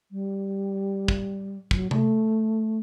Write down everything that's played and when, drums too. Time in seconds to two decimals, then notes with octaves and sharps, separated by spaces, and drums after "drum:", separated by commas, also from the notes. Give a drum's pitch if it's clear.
0.11 G3
1.08 drum: kick
1.71 F#3, drum: kick
1.91 A3, drum: tom C3